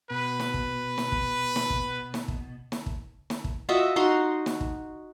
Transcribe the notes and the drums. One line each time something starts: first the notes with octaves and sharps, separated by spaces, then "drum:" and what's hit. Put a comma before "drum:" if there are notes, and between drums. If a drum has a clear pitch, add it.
B2 B4
drum: snare
drum: kick
drum: snare
drum: kick
drum: snare
drum: kick
drum: snare
drum: kick
drum: snare
drum: kick
drum: snare
drum: kick
F4 F#4 D#5 E5
D#4 F#4 C6
drum: snare
drum: kick